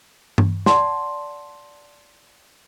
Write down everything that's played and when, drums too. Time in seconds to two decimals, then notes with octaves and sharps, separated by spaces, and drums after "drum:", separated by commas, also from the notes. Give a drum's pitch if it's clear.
0.38 drum: tom G2
0.66 D5 F#5 A5 C6, drum: snare